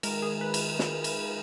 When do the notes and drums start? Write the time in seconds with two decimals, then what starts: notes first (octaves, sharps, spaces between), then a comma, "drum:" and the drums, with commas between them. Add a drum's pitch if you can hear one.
0.03 D#3 G#3 A#4, drum: cymbal
0.22 G#4
0.41 B4
0.54 drum: cymbal
0.79 drum: snare
1.04 drum: cymbal